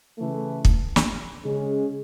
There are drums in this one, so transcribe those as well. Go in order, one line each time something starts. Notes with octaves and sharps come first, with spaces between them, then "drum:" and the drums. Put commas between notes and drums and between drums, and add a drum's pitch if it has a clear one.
C#3 E3 A3
drum: kick
drum: snare
C#3 G#3 C#4 G#4